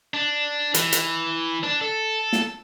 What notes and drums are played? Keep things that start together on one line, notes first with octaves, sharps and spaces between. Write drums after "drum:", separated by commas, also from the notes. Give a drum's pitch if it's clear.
D4
E3, drum: hi-hat
drum: hi-hat
D4
A4
drum: snare